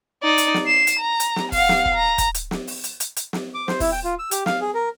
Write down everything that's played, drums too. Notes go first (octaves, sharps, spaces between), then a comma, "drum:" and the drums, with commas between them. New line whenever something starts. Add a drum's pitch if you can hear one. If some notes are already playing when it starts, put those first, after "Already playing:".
D#4 D5
drum: hi-hat
drum: snare
C7 E7
drum: hi-hat
A#5
drum: hi-hat
drum: snare
F5 F#5, drum: kick, open hi-hat
drum: snare
drum: kick
A#5
drum: kick, hi-hat
drum: hi-hat
drum: snare
drum: open hi-hat
drum: hi-hat
drum: hi-hat
drum: hi-hat
drum: snare
D6
C5, drum: snare
E4, drum: kick, open hi-hat
G5
F4
E6
G4, drum: hi-hat
F5, drum: snare
G#4
A#4